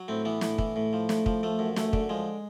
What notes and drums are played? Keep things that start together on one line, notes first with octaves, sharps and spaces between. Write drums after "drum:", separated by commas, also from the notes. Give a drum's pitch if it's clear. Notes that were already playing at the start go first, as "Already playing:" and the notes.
Already playing: F#3
A2 C4
E3 B3
A2, drum: snare
E3, drum: kick
A2
F3
A2, drum: snare
F3, drum: kick
F3 A3
F#2
F#2 A3, drum: snare
D3, drum: kick
F3 G#3